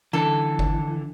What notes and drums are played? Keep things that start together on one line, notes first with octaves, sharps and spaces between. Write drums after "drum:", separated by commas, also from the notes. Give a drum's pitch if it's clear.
D3 E3 A4
drum: kick G1